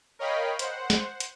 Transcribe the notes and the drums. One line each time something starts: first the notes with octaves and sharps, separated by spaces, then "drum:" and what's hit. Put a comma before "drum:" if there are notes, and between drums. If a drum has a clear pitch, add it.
A#4 C#5 D#5 F5 G5 B5
C5 F#5, drum: hi-hat
drum: snare
drum: hi-hat